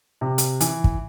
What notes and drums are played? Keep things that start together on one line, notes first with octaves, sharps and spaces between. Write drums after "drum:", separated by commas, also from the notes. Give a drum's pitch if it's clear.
C3
drum: hi-hat
E3, drum: hi-hat
drum: kick